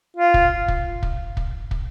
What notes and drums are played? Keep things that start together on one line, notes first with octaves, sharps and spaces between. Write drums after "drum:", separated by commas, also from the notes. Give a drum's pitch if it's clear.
F4
drum: kick
drum: kick
drum: kick
drum: kick
drum: kick